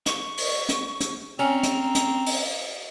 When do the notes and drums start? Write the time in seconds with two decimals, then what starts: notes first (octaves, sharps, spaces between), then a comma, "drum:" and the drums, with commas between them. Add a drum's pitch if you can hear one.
0.06 C#6, drum: hi-hat
0.38 drum: open hi-hat
0.69 drum: hi-hat
1.00 drum: hi-hat
1.39 C4 C#4 A#5
1.63 drum: hi-hat
1.95 drum: hi-hat
2.26 drum: open hi-hat